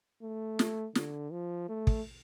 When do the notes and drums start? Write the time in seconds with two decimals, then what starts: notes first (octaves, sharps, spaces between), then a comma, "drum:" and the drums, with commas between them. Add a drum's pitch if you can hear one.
0.22 A3
0.59 drum: snare
0.95 D3, drum: snare
1.32 F3
1.69 A3
1.87 drum: kick